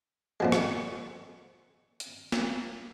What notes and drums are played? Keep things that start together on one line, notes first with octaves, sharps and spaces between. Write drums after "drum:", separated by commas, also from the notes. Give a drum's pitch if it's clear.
A#2 F3 G#3
drum: rim click
drum: hi-hat
drum: snare